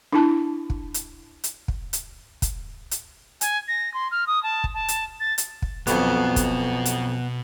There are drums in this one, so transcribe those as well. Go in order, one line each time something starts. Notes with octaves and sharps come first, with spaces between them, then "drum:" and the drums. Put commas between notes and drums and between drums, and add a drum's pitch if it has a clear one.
D4 E4 A5
drum: kick
drum: hi-hat
drum: hi-hat
drum: kick
drum: hi-hat
drum: kick, hi-hat
drum: hi-hat
G#5, drum: hi-hat
A#6
C6
F6
D#6
A5
drum: kick
A5
drum: hi-hat
A6
drum: hi-hat
drum: kick
B1 F2 B2 B3 B4, drum: hi-hat
drum: kick, hi-hat
drum: hi-hat